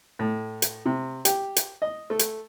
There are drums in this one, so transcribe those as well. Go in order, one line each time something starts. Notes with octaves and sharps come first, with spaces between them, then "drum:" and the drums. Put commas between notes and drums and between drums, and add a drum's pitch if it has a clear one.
A2
drum: hi-hat
C3
G4, drum: hi-hat
drum: hi-hat
D#5
A3
drum: hi-hat